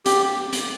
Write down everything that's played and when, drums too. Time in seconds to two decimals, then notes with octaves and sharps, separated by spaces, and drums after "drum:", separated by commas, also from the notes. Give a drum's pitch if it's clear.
0.06 G4, drum: hi-hat
0.53 drum: hi-hat